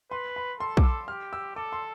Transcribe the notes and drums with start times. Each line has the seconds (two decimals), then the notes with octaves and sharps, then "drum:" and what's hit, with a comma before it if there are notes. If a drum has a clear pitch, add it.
0.11 B4 C6
0.36 B5
0.60 A4 C6
0.77 D6, drum: kick
0.83 E6
1.08 G4 F6
1.33 E6
1.56 A4 D6
1.72 C6